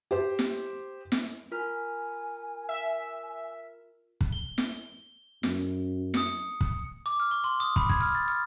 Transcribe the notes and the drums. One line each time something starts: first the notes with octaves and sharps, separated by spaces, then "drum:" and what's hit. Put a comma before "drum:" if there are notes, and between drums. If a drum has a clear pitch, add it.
G4 C5
drum: snare
drum: snare
F4 A#4 G#5 F6
E5
drum: kick
G7
drum: snare
F#2, drum: snare
D#6 C#7, drum: snare
drum: kick
D6
F6
C#6
C6
D#6
B5, drum: kick
G#6, drum: kick
F6
A6
F6